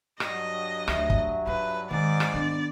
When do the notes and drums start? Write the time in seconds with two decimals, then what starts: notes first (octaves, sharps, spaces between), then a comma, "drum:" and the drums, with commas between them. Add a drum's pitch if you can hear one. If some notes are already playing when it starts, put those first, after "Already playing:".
0.20 G2 F#3 D#5, drum: rim click
0.88 D2 E5, drum: rim click
1.10 drum: kick
1.47 F4 B4
1.91 G#2 D#3 G#3 C4 D5
2.20 drum: rim click
2.34 D#3 B3 D4